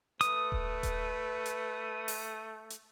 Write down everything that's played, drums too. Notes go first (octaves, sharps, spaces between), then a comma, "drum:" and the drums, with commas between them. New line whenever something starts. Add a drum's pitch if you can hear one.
A3 B4 D#6, drum: hi-hat
drum: kick D#1
drum: kick D#1, hi-hat
drum: hi-hat
drum: open hi-hat
drum: hi-hat